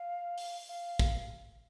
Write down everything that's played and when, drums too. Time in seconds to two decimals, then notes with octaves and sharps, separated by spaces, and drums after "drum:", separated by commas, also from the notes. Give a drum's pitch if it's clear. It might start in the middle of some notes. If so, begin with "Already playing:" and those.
Already playing: F5
0.38 drum: open hi-hat
0.69 F5
0.99 drum: kick, hi-hat